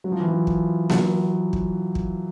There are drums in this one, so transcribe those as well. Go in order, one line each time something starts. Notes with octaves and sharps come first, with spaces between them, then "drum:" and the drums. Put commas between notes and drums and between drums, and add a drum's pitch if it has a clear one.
F#3
F3
E3
F3
drum: kick
F#3, drum: snare A#3
drum: kick
drum: kick